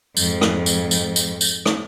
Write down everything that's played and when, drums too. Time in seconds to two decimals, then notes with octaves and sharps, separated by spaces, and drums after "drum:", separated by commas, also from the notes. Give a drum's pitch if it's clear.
0.17 F2 G#2, drum: tambourine
0.41 drum: rim click
0.66 drum: tambourine
0.91 drum: tambourine
1.16 drum: tambourine
1.41 drum: tambourine
1.66 drum: rim click